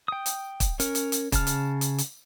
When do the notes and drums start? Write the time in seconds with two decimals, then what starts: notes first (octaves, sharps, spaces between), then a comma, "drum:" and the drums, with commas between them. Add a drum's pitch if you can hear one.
0.08 G5 D#6
0.26 drum: hi-hat
0.60 drum: kick, hi-hat
0.80 C#4 A#4, drum: hi-hat
0.95 drum: hi-hat
1.12 drum: hi-hat
1.32 C#3 A5 F6, drum: kick, hi-hat
1.47 drum: hi-hat
1.81 drum: hi-hat
1.98 drum: hi-hat